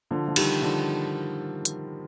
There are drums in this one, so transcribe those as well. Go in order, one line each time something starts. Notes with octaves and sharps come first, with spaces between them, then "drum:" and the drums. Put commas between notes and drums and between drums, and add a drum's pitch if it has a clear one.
D3 F3
F3
D#3 G3, drum: cymbal
D3 F3
drum: hi-hat